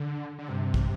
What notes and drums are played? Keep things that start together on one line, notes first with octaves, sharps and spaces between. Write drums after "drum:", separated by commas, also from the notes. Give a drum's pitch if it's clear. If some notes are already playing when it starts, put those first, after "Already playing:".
Already playing: D3
D3
G2 C3
drum: kick